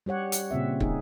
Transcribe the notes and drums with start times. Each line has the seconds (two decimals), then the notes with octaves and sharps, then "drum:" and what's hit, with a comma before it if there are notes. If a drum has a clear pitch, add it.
0.06 G3 G4 C#5 F#5
0.32 drum: hi-hat
0.51 A#2 C#3 C4 E5
0.80 D#4 G#4, drum: kick